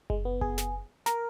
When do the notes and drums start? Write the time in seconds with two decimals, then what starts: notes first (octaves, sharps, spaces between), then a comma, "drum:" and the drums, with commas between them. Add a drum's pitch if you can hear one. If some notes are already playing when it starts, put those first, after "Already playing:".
0.10 G#3, drum: kick F#1
0.25 B3
0.41 G#4, drum: kick F#1
0.58 drum: snare
1.06 A#4, drum: snare